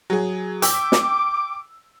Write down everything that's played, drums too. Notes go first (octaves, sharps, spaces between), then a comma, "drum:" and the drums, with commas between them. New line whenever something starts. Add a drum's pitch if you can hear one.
F#3 G#4
G5 D6 E6 B6, drum: hi-hat
drum: snare